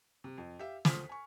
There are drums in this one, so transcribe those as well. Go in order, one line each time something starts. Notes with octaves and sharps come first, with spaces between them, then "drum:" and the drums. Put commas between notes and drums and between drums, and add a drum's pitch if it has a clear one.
C3
F2
G4 E5 F5
D2 F3 C5 D#6 F6 B6, drum: snare
G#5 C#6